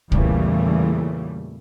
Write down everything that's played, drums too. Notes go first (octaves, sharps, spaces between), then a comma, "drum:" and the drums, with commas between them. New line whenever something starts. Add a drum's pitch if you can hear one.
E2 A#2 C#3 E3 G3 A3, drum: kick